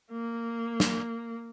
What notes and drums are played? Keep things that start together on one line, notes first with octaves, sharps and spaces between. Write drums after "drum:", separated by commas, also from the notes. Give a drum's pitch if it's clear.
A#3
drum: snare